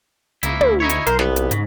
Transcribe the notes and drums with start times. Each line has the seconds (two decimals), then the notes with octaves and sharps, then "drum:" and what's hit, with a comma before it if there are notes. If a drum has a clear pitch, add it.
0.43 C#2 C#3 A#3 E4, drum: hi-hat
0.61 D2, drum: tom
0.80 D#4 E4 C#5
0.89 drum: hi-hat
1.07 B1 A#4 C5, drum: hi-hat
1.19 C2 B3, drum: snare
1.36 drum: hi-hat
1.51 G#2 C#3, drum: hi-hat